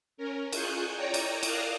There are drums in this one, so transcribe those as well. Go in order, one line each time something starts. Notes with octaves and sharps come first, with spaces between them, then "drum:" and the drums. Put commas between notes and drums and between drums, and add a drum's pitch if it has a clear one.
C#4 A#4
F4 G#4 G#5 C#6 F#6 G6, drum: cymbal
C#5 D5 G5 A#5
drum: cymbal
A#4 D5 F5 D#6 F6 F#6, drum: cymbal